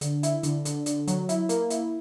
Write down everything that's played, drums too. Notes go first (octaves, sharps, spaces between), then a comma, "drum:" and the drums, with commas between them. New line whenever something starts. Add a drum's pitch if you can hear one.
D3, drum: hi-hat
E4, drum: hi-hat
D3, drum: hi-hat
D3, drum: hi-hat
D3, drum: hi-hat
F#3, drum: hi-hat
E4, drum: hi-hat
A#3, drum: hi-hat
E4, drum: hi-hat